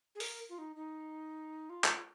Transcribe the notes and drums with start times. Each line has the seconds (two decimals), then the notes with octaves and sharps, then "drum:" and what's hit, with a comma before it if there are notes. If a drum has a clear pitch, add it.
0.15 G#4
0.20 A#4, drum: open hi-hat
0.49 F4
0.58 D#4
0.76 D#4
1.70 F4
1.84 drum: clap